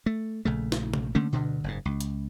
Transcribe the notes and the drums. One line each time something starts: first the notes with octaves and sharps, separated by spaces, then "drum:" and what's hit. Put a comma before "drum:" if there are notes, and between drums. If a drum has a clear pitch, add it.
A3
A#1 C#3 A3
drum: snare
drum: tom C3
D3 A3 A#3 C#4
D2 G2 B2 D3
F#1 G#2
C#2
drum: hi-hat